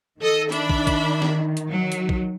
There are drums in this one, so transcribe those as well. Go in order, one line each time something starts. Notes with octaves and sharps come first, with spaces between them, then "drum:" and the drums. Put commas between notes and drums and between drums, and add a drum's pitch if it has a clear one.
D#3 A4 D#5
D4 E5 B5, drum: hi-hat
drum: kick
drum: kick, hi-hat
drum: snare
drum: hi-hat
F#3
drum: hi-hat
drum: kick